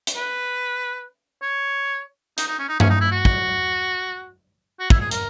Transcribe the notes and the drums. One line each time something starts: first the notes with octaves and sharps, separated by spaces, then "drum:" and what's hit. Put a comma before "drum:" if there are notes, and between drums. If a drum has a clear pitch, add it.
drum: hi-hat
B4
C#5
D#4, drum: hi-hat
D#4
C#4
D#4
C#4, drum: tom G2
D#4
E4
F#4
drum: kick
F#4
E4, drum: kick
G#4
A#4, drum: hi-hat